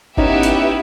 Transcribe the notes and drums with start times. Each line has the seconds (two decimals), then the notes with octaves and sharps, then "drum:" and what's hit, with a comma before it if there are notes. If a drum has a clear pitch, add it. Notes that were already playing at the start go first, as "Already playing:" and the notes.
0.17 B3 C#4 D#4 E4 G4 B4 E5, drum: kick G#1
0.43 drum: hi-hat